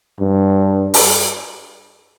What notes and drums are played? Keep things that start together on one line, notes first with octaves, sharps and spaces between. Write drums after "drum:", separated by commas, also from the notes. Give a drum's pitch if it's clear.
G2
drum: open hi-hat